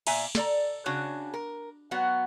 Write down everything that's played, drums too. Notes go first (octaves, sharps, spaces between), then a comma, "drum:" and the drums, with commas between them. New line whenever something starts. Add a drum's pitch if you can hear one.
A#2 E5 G#5 A#5, drum: cymbal
A4 D5 A#5, drum: snare
C#3 D4 F#4 C#5
A#4
F#3 B3 F#4 F#5